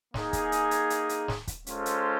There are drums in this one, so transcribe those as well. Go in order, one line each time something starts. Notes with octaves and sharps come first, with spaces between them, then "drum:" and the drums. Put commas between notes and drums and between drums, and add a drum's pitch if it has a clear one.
A#3 D#4 G#4, drum: snare
drum: kick, hi-hat
drum: hi-hat
drum: hi-hat
drum: hi-hat
drum: hi-hat
drum: snare
drum: kick, hi-hat
G#3 C#4 F4 A4 C5, drum: hi-hat
drum: hi-hat